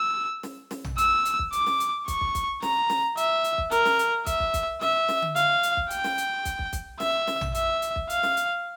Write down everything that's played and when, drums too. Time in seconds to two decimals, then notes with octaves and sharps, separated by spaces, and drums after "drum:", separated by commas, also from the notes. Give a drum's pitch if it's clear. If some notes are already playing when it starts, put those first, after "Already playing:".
Already playing: E6
0.43 drum: snare
0.71 drum: snare
0.84 drum: tom A#1
0.98 E6, drum: hi-hat
1.25 drum: hi-hat
1.39 drum: kick
1.53 D6, drum: hi-hat
1.67 drum: snare
1.80 drum: hi-hat
2.08 C#6, drum: kick, hi-hat
2.21 drum: kick
2.35 drum: kick, hi-hat
2.62 A#5, drum: snare
2.90 drum: snare
3.17 E5, drum: hi-hat
3.44 drum: hi-hat
3.58 drum: kick
3.72 A#4, drum: hi-hat
3.85 drum: snare
3.99 drum: hi-hat
4.26 E5, drum: kick, hi-hat
4.40 drum: kick
4.54 drum: kick, hi-hat
4.81 E5, drum: snare
5.09 drum: snare
5.22 drum: tom D3
5.36 F5, drum: hi-hat
5.63 drum: hi-hat
5.77 drum: kick
5.91 G5, drum: hi-hat
6.04 drum: snare
6.18 drum: hi-hat
6.45 drum: kick, hi-hat
6.59 drum: kick
6.73 drum: kick, hi-hat
7.00 E5, drum: snare
7.27 drum: snare
7.41 drum: tom A#1
7.55 E5, drum: hi-hat
7.82 drum: hi-hat
7.96 drum: kick
8.10 F5, drum: hi-hat
8.23 drum: snare
8.37 drum: hi-hat